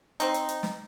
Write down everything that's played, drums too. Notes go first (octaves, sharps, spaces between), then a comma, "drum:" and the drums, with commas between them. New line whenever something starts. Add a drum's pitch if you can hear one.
C4 D#4, drum: hi-hat
drum: hi-hat
drum: hi-hat
drum: snare